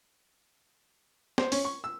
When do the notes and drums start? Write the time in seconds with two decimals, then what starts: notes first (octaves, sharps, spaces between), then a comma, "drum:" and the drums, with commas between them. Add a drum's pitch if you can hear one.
1.38 C5, drum: snare
1.52 C#4, drum: open hi-hat
1.65 C#6
1.84 E6